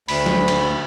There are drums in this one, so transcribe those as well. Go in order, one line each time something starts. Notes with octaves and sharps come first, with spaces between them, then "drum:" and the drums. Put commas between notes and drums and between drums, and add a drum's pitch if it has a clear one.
D2 B5, drum: open hi-hat
drum: snare
drum: cymbal